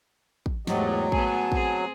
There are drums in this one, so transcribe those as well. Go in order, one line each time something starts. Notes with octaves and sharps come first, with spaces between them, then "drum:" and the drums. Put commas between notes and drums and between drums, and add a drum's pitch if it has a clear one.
drum: kick
E2 G#2 F#3 A3 G4 D#5, drum: snare
B3 G#4 G#5 A5, drum: kick
C4 G#4, drum: kick